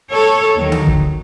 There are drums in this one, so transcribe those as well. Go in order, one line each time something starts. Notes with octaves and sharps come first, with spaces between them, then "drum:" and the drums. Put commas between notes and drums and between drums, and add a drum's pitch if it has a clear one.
A4 C#5
D#2 D#3 F#3
drum: tom D3
drum: kick